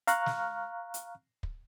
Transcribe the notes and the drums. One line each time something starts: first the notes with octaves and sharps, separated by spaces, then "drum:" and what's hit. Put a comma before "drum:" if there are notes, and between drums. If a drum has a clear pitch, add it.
F5 A#5 C#6 F6 F#6, drum: hi-hat
drum: snare
drum: hi-hat
drum: kick